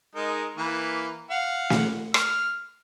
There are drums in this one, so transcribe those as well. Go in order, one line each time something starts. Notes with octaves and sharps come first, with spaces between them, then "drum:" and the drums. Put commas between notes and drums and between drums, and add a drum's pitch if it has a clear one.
G#3 D#4 A#4
E3 A#3 B4
F5 F#5
drum: snare
F6, drum: rim click